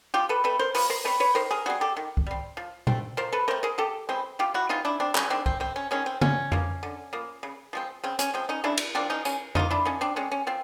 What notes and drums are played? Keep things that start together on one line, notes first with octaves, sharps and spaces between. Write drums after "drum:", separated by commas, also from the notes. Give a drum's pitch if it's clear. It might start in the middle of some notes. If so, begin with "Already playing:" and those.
F3 F4 G4
A4 B4
A3 C4 A4 B4
A#4 C5
F3 B4 C#5, drum: open hi-hat
A#4 C5
A3 C4 B4 C#5
B4 C#5
D#3 A#4 C5
G#4 A#4
G3 C4 F#4 G#4
G4 A4
D#3
drum: kick C2
G3 C4
F3
A3 C4, drum: tom A#2
F3 A#4 C5
A4 B4
A3 C4 A#4 C5
G#4 A#4
C3 G4 A4
E3 G#3 C4
C3 F4 G4
E4 F#4
E3 G#3 C4 D#4 F4
D4 E4
C3 C4 D4
C#4, drum: clap
D#3 G#3 C4 D4
C4, drum: kick C2
C3 C4
C#4
D#3 G#3 C#4
C4
D3 C#4, drum: tom C#3
F3 A#3, drum: tom F2
D3
F3 A#3
C#3
F3 G#3 C4
C#3 C4
C#4, drum: hi-hat
F3 G#3 C4
C#4 D#4
C#3 D4 E4
drum: cymbal
F3 A#3 C4 D4
C#4 D#4
C#3 C#4, drum: tambourine
F3 A#3 D#4 F4, drum: tom F2
D4 E4
F3 C#4 D#4
C4 D4
G#3 C4 C#4
C#4
F3 C4